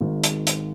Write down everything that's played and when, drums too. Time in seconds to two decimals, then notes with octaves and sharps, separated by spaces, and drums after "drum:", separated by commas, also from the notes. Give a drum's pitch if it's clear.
0.01 G#1 G#2 D#3
0.24 drum: hi-hat
0.47 drum: hi-hat